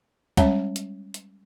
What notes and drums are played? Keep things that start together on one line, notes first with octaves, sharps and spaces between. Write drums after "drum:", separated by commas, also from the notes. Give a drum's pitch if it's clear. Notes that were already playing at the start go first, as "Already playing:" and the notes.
G3 G#3 C#4 C#5 E5 A5, drum: kick, hi-hat
drum: hi-hat
drum: hi-hat